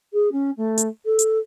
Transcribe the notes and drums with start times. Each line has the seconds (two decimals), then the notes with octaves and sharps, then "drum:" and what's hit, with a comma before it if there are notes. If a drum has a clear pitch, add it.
0.13 G#4
0.32 C#4
0.57 A3
0.78 drum: hi-hat
1.05 A4
1.19 drum: hi-hat